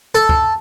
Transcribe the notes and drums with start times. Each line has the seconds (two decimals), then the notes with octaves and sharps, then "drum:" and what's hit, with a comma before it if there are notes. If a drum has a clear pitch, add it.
0.15 A4
0.29 drum: kick